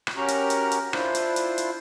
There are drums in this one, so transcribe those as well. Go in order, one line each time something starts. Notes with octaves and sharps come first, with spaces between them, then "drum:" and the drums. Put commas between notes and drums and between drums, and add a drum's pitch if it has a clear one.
drum: rim click
C#4 F#4 G4 A#4 A#5
drum: hi-hat
drum: hi-hat
drum: hi-hat
D4 E4 F4 C5, drum: rim click
drum: hi-hat
drum: hi-hat
drum: hi-hat